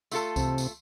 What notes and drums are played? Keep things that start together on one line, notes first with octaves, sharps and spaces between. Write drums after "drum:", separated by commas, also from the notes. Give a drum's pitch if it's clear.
A3 F4 A4, drum: tambourine
C3, drum: kick C#2, tambourine
drum: tambourine